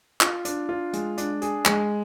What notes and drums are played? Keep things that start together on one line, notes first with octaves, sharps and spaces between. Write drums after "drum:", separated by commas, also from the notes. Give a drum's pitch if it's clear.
F4, drum: clap
D4, drum: hi-hat
F4
G#3, drum: hi-hat
D4, drum: hi-hat
G#4, drum: hi-hat
G#3, drum: clap